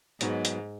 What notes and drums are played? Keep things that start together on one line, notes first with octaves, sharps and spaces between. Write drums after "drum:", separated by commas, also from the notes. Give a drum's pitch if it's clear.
G#2 F#3 B3 D#4 F#4, drum: hi-hat
drum: hi-hat